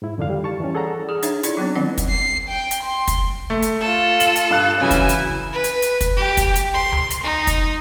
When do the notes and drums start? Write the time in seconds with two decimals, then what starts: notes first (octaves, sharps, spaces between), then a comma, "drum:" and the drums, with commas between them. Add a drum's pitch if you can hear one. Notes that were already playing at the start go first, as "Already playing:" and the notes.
0.02 G#2 E4
0.18 F2 D3 D4 F5
0.30 D#3 G3
0.44 A5 C#6
0.60 E3 G3 C#4
0.74 G#4 A4 D5 F#5 A5 A#5
1.09 G#4 A4
1.23 D4 D#4 C#5 E5, drum: hi-hat
1.43 E4 F4 C#5 D5, drum: hi-hat
1.57 F#3 B3 C4 D4
1.75 D#3 F#3 G3 C4 D#5 F#5
1.98 drum: kick, hi-hat
2.09 C7
2.49 G5
2.71 drum: hi-hat
2.84 C6
3.08 drum: kick, hi-hat
3.50 A3
3.63 drum: hi-hat
3.81 F4 A4
4.20 F#7, drum: hi-hat
4.36 drum: hi-hat
4.50 G2 F5 F#6
4.81 C#3 E3 F#3 E4 G#5
4.91 drum: kick, hi-hat
5.09 drum: hi-hat
5.53 B4
5.64 drum: hi-hat
5.82 drum: hi-hat
6.01 drum: kick, hi-hat
6.17 G4
6.37 drum: kick, hi-hat
6.56 drum: hi-hat
6.74 C6
6.92 drum: tom C#2
7.11 drum: hi-hat
7.23 D#4
7.47 drum: kick, hi-hat